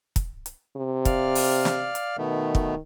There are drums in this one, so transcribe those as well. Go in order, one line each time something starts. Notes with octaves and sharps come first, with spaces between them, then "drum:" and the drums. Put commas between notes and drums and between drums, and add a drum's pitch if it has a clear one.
drum: kick, hi-hat
drum: hi-hat
C3
D5 F5 F6, drum: kick, hi-hat
drum: open hi-hat
drum: snare
drum: hi-hat
B2 D#3 A3 B3
drum: kick